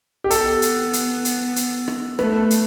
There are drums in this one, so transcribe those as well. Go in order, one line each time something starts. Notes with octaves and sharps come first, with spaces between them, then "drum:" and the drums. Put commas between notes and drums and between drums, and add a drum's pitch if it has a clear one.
G4
B3 A4, drum: hi-hat
drum: hi-hat
drum: hi-hat
drum: hi-hat
drum: hi-hat
drum: rim click
A3 B4, drum: rim click
drum: hi-hat